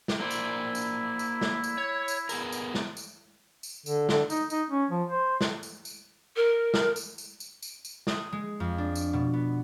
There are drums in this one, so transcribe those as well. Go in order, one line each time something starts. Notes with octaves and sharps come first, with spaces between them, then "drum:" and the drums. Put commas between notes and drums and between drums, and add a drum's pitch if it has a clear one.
drum: snare
A#3 E4 C5 D5
drum: tambourine
drum: tambourine
drum: tambourine
drum: snare
drum: tambourine
C#5
drum: tambourine
B3 G#4 A#4, drum: tambourine
drum: tambourine
drum: snare
drum: tambourine
drum: tambourine
D3, drum: tambourine
D3, drum: snare
D#4, drum: tambourine
D#4, drum: tambourine
C#4
F3
C5
drum: snare
drum: tambourine
drum: tambourine
A#4
drum: snare
drum: tambourine
drum: tambourine
drum: tambourine
drum: tambourine
drum: tambourine
D#6, drum: snare
G#3
F2
D4
drum: tambourine
B2
B3